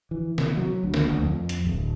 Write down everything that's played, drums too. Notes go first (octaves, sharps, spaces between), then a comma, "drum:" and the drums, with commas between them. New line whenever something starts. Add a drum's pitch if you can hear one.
E3
C3, drum: snare
F#3
D2
drum: snare
D2
F2
drum: hi-hat
D1